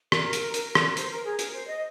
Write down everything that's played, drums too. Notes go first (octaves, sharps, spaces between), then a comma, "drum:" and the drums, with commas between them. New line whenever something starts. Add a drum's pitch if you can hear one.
A#4, drum: rim click
drum: hi-hat
A#4, drum: hi-hat
drum: rim click
A#4
C5, drum: hi-hat
A#4
G#4
A#4, drum: hi-hat
C5
D#5